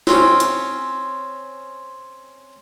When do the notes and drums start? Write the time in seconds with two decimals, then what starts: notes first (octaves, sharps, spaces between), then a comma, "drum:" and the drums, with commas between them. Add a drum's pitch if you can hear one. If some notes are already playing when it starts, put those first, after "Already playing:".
0.07 C4 C#4, drum: snare
0.40 drum: hi-hat